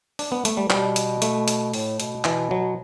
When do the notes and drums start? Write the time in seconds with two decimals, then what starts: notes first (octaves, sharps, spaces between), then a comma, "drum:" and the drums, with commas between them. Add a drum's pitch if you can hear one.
0.19 D4, drum: open hi-hat
0.32 B3
0.45 A3, drum: hi-hat
0.57 G3
0.70 B2 G3, drum: clap
0.96 drum: hi-hat
1.22 A3, drum: hi-hat
1.48 drum: hi-hat
1.74 A2, drum: open hi-hat
2.00 B2, drum: hi-hat
2.24 B2 E3, drum: clap
2.51 F#3